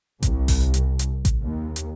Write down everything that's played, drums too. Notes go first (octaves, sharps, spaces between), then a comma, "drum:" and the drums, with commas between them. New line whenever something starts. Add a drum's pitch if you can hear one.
C2, drum: kick A1, hi-hat
drum: kick A1, open hi-hat
drum: hi-hat
drum: hi-hat
drum: kick A1, hi-hat
D#2
drum: hi-hat